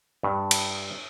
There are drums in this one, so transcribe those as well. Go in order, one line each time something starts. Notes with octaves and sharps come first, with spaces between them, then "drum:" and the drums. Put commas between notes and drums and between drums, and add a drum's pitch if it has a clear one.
G2
drum: cymbal